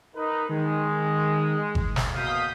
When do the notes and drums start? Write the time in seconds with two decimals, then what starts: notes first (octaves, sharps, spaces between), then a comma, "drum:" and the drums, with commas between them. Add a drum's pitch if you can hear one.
0.15 D#4 A#4 B4
0.49 D#3 G#3
1.75 drum: kick G1
1.96 drum: snare
2.14 B2 A#3 F5 D#6 G6 B6